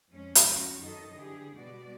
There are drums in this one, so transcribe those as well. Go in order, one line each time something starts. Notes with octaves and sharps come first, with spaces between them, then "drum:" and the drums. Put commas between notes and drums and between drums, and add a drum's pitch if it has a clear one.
F2 G#3 C#4
drum: hi-hat
C#4 F#4
F#2 D#3 D#4 A4 D#5
D3 E3 G4 G#4
B2 G3 B3 F#4 D5